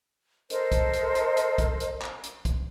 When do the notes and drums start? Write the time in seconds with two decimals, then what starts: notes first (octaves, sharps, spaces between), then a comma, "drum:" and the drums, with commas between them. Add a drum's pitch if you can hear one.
0.50 A4 A#4 C5 D#5, drum: hi-hat
0.72 drum: kick, hi-hat
0.93 drum: hi-hat
1.15 drum: hi-hat
1.37 drum: hi-hat
1.58 drum: kick, hi-hat
1.80 drum: hi-hat
2.02 drum: clap
2.23 drum: hi-hat
2.45 drum: kick, hi-hat